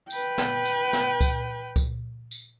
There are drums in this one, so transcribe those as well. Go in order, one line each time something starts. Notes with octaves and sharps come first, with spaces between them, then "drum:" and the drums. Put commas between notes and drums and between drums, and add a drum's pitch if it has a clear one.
B4 G5, drum: tambourine
drum: snare
drum: tambourine
drum: snare
drum: kick C#2, tambourine
drum: kick C#2, tambourine
drum: tambourine